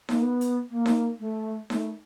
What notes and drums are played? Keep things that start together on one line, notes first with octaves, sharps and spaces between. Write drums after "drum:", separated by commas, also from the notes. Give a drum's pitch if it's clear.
A#3, drum: snare D#4
B3
drum: hi-hat
A#3
drum: snare D#4
A3
A3, drum: snare D#4